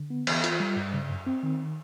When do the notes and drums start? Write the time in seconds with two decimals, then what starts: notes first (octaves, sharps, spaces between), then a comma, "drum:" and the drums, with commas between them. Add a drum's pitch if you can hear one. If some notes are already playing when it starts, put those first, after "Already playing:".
Already playing: D3
0.10 B3
0.27 E3, drum: cymbal
0.44 F4, drum: hi-hat
0.60 G3
0.76 G2
0.93 C#3
1.10 F#2
1.27 C4
1.43 D#3